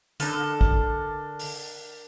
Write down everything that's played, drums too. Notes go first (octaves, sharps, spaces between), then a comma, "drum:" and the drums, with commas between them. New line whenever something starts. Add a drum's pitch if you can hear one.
D3 D4 A4 A#4, drum: hi-hat
drum: kick
drum: open hi-hat